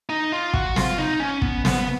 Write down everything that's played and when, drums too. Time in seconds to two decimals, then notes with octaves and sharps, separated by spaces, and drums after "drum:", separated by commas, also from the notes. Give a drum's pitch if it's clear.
0.09 D#4
0.32 F4
0.54 F#4, drum: kick
0.76 F4, drum: snare
0.98 D#4
1.20 C#4
1.42 B3, drum: kick
1.65 B3, drum: snare